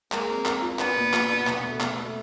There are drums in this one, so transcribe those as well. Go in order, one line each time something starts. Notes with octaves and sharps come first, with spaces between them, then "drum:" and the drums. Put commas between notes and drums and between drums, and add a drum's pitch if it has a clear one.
G#3 A#3, drum: clap
C4
A#4, drum: clap
F4
B3 D4, drum: clap
A#2
A#2, drum: clap
D4
B2, drum: clap
A3
B2, drum: clap
A3